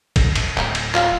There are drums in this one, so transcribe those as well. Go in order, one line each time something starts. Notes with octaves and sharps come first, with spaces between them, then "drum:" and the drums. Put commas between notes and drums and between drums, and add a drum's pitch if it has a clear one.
drum: kick, cymbal
drum: cymbal
D1, drum: clap
drum: cymbal
F4, drum: clap